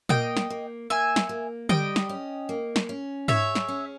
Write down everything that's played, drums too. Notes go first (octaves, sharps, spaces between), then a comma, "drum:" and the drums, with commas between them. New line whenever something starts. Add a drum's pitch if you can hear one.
A#3 D#5 G5, drum: tom A#2
drum: snare
A#3
A#3 E5 G#5
drum: snare
A#3
G3 D#5 G5, drum: tom D3
drum: snare
C#4
A#3
drum: snare
C#4
G#4 C#5 E5, drum: tom G#2
drum: snare
C#4